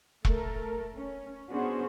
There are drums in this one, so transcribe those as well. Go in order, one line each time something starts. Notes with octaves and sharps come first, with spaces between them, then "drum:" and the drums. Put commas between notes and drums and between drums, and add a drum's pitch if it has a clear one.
A3 A4 A#4, drum: kick E1
C#4
B3 C#4 D4 F#4 G#4 C5